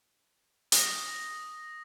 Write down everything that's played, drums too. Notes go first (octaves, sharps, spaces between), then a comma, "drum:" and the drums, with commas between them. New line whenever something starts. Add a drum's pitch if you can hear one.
D#6 A#6, drum: hi-hat